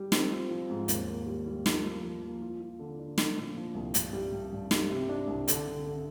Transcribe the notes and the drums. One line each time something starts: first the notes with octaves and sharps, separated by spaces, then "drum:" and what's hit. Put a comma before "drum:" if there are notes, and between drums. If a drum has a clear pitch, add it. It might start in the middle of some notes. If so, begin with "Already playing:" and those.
Already playing: G3
C4, drum: snare
F4
F3
G#2
D#2, drum: hi-hat
A#3
G3
G3
F3, drum: snare
A#3
F3
A#3
F4
F4
D3
D4
F3, drum: snare
A#2
F3
C2
G2, drum: hi-hat
G3
G2
G2
G3, drum: snare
C3
D4
C2
D3, drum: hi-hat
D3
D3